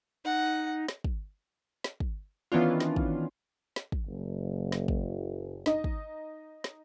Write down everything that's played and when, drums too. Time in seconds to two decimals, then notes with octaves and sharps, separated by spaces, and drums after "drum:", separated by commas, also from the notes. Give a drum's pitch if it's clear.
0.24 D#4 F#5
0.88 drum: snare
1.04 drum: kick
1.84 drum: snare
2.00 drum: kick
2.52 D#3 E3 B3 C#4 D4 F4
2.80 drum: snare
2.96 drum: kick
3.76 drum: snare
3.92 drum: kick
4.07 F#1
4.72 drum: snare
4.88 drum: kick
5.66 D#4 D#5, drum: snare
5.84 drum: kick
6.64 drum: snare